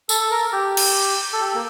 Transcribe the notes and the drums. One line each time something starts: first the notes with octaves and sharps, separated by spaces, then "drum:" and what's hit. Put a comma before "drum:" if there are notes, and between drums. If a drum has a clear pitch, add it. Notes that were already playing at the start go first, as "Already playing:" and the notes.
A4, drum: tambourine
A4
A#4
G4
drum: cymbal
A4
G4
A#3